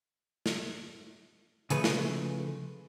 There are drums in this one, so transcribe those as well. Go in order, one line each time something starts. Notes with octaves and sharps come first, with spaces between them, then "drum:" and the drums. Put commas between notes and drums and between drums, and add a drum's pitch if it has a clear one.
drum: snare
C#3 F3 A3 G#4 B4, drum: hi-hat
drum: snare